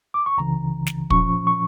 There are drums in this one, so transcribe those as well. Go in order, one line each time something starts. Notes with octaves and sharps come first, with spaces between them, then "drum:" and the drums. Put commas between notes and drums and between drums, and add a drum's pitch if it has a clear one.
D6
C#6
C#2 C#3 E3 A#5
drum: snare
A#2 F3 C#4 C#6, drum: kick
C#6